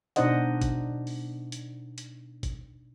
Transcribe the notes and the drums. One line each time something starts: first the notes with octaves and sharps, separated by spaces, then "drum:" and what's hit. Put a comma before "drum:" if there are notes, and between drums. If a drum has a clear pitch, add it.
B2 D4 D#4 C5 D#5 F#5, drum: hi-hat
drum: kick, hi-hat
drum: open hi-hat
drum: hi-hat
drum: hi-hat
drum: kick, hi-hat